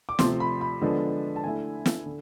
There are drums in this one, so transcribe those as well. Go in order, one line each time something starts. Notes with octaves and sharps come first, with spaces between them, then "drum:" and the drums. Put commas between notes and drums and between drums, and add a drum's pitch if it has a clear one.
D6
C3 F3 A3 C6, drum: snare
B5
B5
D3 F3 G#3 B3 D4
A5
D3 A3 E4 G#5
drum: snare
D3